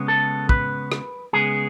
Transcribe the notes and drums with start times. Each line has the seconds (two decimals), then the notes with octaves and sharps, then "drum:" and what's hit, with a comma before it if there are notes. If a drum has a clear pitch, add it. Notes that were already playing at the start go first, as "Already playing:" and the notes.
Already playing: C#3 G#3 B3
0.08 A4
0.49 B4, drum: kick
0.92 drum: rim click
1.33 C#3 G#3 B3 G#4